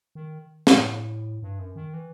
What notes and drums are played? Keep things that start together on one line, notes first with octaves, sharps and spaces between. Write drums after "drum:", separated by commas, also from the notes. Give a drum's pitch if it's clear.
D#3
A2, drum: snare
G2
F#2
D#3
E3